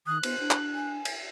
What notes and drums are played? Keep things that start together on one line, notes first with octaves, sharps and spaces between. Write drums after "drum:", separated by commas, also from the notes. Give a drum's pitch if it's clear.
D#3 D#6 F#6
B3 C5, drum: cymbal
D4
drum: clap
G#5
drum: cymbal